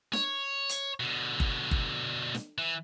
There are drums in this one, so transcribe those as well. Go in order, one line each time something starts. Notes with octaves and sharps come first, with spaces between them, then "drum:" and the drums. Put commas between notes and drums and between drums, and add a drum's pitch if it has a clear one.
C#5, drum: snare
drum: hi-hat
B2 D3
drum: kick G1
drum: kick G1
drum: snare
E3